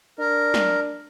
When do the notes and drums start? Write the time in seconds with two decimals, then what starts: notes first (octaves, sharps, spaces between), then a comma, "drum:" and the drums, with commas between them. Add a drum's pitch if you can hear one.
0.19 D4 A#4
0.54 drum: snare